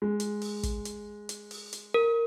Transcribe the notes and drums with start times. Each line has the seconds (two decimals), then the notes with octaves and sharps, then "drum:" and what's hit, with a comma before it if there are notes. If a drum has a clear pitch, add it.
0.02 G#3
0.20 drum: hi-hat
0.42 drum: open hi-hat
0.63 drum: kick, hi-hat
0.85 drum: hi-hat
1.29 drum: hi-hat
1.51 drum: open hi-hat
1.73 drum: hi-hat
1.94 A#4